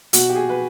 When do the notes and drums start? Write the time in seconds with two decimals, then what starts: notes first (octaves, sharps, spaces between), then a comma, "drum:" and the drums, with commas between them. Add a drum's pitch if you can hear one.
0.13 B2 F#4, drum: hi-hat
0.29 G4
0.35 G#4
0.49 B4